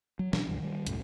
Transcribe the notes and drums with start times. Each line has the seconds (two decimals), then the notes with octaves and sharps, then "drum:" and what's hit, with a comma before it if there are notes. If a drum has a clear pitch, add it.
0.19 F#3
0.33 B2 E3 C#4 D4, drum: snare
0.47 C#2 G2 E3
0.60 D#3 G3
0.87 C2 F#2 A2, drum: hi-hat